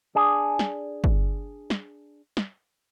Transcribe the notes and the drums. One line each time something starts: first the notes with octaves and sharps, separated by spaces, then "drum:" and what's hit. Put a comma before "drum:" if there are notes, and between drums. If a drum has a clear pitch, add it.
D4 G#4
drum: snare
drum: kick
drum: snare
drum: snare